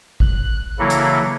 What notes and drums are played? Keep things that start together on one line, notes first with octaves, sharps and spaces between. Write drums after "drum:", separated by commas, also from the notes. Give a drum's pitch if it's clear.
F#6, drum: kick G#1
C#3 E3 F#3 A#3 E4 A4
drum: hi-hat